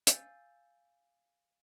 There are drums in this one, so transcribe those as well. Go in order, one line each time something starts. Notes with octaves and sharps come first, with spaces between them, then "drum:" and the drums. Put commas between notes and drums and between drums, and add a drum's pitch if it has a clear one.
F5 G#5 E6 G6 A6, drum: hi-hat